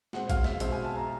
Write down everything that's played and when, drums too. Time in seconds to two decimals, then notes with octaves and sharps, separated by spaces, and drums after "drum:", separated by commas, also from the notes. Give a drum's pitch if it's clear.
0.13 B2 G#3 C4 F#5, drum: snare
0.30 F5, drum: kick A1, hi-hat
0.44 E5, drum: snare
0.60 B2 G#3 C4 E5, drum: hi-hat
0.72 G#5
0.85 A5
0.97 A#5